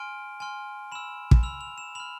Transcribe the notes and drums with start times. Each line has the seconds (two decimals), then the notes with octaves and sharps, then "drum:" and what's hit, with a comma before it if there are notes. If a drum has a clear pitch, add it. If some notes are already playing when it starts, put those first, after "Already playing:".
Already playing: G#5 C6 F6 D7
0.40 G#5 C6 F6
0.92 B5 E6 E7
1.31 drum: kick
1.43 B5 E6 F7
1.61 F7
1.78 E7
1.95 B5 F6 F7